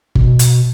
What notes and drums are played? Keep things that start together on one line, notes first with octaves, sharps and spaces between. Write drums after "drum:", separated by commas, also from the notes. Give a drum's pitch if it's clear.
B2, drum: kick G1
drum: hi-hat